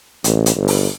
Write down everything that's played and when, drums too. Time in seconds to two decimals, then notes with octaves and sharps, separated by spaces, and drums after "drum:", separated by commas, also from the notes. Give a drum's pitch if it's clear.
0.24 A1, drum: hi-hat
0.46 drum: hi-hat
0.56 G1
0.68 drum: open hi-hat